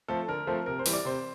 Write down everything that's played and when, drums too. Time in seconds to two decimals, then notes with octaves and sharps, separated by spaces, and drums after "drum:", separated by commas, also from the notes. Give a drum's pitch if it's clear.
0.08 F3 A3 C4 A4
0.28 D3 A#4
0.47 F3 A3 C4
0.66 C3 A#4
0.79 C5
0.86 E3 G3, drum: open hi-hat
0.93 D5
1.05 C3 C5